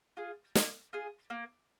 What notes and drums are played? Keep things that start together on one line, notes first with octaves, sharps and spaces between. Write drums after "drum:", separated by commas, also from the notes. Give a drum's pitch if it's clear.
F4 G#4
A#3, drum: snare
F4 G#4
A#3